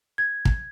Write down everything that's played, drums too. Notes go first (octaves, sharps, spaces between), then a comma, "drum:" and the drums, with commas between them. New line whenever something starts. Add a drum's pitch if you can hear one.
G#6
drum: kick